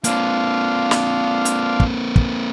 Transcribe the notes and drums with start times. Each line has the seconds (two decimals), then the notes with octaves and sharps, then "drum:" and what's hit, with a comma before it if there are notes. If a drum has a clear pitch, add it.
0.04 A#3 C4 D4 F4 F5, drum: hi-hat
0.91 drum: snare
1.45 drum: hi-hat
1.80 drum: kick
2.16 drum: kick